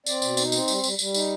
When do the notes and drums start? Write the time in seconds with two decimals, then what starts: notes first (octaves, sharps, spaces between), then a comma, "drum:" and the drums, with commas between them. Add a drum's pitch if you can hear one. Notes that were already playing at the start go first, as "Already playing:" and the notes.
0.06 C4 D5, drum: tambourine
0.22 B2, drum: tambourine
0.37 D#4, drum: tambourine
0.52 C4, drum: tambourine
0.68 G3, drum: tambourine
0.84 G3, drum: tambourine
0.99 G3, drum: tambourine
1.14 D#4, drum: tambourine